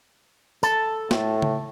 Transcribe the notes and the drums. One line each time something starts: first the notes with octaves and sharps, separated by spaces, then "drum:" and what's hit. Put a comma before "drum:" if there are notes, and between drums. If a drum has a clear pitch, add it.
A4, drum: tambourine
A2, drum: snare
drum: tom C#3